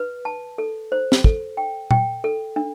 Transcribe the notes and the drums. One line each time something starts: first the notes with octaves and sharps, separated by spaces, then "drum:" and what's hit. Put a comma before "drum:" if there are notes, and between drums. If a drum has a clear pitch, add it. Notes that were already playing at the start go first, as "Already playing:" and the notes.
Already playing: B4
A5
A4
C5
drum: snare
A4, drum: kick
G5
G5, drum: tom A#2
A4
D4